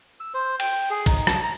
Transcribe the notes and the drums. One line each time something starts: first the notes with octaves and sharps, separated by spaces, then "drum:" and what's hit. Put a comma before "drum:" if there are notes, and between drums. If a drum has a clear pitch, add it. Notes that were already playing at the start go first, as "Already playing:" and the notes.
E6
C5
G5, drum: cymbal
G#4
D#4, drum: kick A#1, cymbal
A5, drum: rim click
A#5